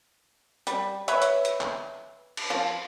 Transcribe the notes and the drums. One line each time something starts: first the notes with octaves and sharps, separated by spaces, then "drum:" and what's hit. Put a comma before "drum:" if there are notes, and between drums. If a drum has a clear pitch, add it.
G3, drum: hi-hat
B4 C#5 E5, drum: hi-hat
drum: hi-hat
drum: hi-hat
drum: clap
drum: cymbal
F3